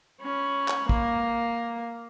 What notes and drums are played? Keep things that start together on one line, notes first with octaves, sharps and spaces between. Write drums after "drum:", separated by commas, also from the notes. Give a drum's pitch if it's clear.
C#4 B5
drum: clap
A#3, drum: kick